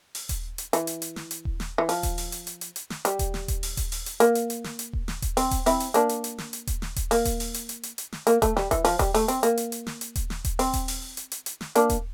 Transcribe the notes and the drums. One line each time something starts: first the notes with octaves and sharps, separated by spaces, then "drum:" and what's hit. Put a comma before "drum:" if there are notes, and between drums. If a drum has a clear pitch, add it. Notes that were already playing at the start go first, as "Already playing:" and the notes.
drum: open hi-hat
drum: kick D#1, hi-hat
drum: hi-hat
E3, drum: hi-hat
drum: hi-hat
drum: hi-hat
drum: snare
drum: hi-hat
drum: kick D#1
drum: snare
E3
F3, drum: open hi-hat
drum: kick D#1, hi-hat
drum: open hi-hat
drum: hi-hat
drum: hi-hat
drum: hi-hat
drum: hi-hat
drum: snare
G3, drum: hi-hat
drum: kick D#1, hi-hat
drum: snare
drum: kick D#1, hi-hat
drum: open hi-hat
drum: kick D#1, hi-hat
drum: open hi-hat
drum: hi-hat
A#3, drum: hi-hat
drum: hi-hat
drum: hi-hat
drum: snare
drum: hi-hat
drum: kick D#1
drum: snare
drum: kick D#1, hi-hat
C4, drum: open hi-hat
drum: kick D#1, hi-hat
C4 E4, drum: open hi-hat
drum: hi-hat
A#3 D4, drum: hi-hat
drum: hi-hat
drum: hi-hat
drum: snare
drum: hi-hat
drum: kick D#1, hi-hat
drum: snare
drum: kick D#1, hi-hat
A#3, drum: open hi-hat
drum: kick D#1, hi-hat
drum: open hi-hat
drum: hi-hat
drum: hi-hat
drum: hi-hat
drum: hi-hat
drum: snare
A#3, drum: hi-hat
A3, drum: kick D#1, hi-hat
G3, drum: snare
E3, drum: kick D#1, hi-hat
F3, drum: open hi-hat
G3, drum: kick D#1, hi-hat
A3, drum: open hi-hat
C4, drum: hi-hat
A#3, drum: hi-hat
drum: hi-hat
drum: hi-hat
drum: snare
drum: hi-hat
drum: kick D#1, hi-hat
drum: snare
drum: kick D#1, hi-hat
C4, drum: open hi-hat
drum: kick D#1, hi-hat
drum: open hi-hat
drum: hi-hat
drum: hi-hat
drum: hi-hat
drum: snare
A#3 D4, drum: hi-hat
drum: kick D#1, hi-hat